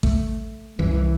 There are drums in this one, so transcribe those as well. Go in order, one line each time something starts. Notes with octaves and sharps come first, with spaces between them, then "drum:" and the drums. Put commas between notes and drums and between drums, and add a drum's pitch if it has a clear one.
A3, drum: kick A1
C2 F#2 E3
C2 E3